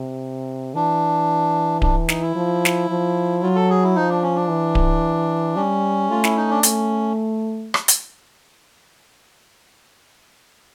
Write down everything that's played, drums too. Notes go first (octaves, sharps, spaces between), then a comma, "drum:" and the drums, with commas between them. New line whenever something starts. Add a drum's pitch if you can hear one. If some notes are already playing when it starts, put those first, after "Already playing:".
Already playing: C3
E3 D4
D4, drum: kick D1
D#4, drum: snare
E4
F3
drum: snare
F3
F#3 F4
A4
G#4
E4
F3 D#4
D4
C#4
D4
E3
drum: kick D1
G3 C#4
A3 F4
E4, drum: snare
D#4
D4
A3 C#4, drum: hi-hat
drum: rim click
drum: hi-hat